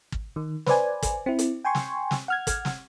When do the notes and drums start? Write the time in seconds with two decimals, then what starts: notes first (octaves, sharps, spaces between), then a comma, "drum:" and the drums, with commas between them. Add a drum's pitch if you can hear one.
0.12 drum: kick
0.36 D#3
0.66 B4 C5 D5 G#5, drum: snare
1.03 drum: kick, hi-hat
1.26 C4 E4
1.39 drum: hi-hat
1.65 G5 G#5 C6 C#6
1.75 drum: snare
2.11 drum: snare
2.28 F#5 F6 G#6
2.47 drum: kick, hi-hat
2.65 drum: snare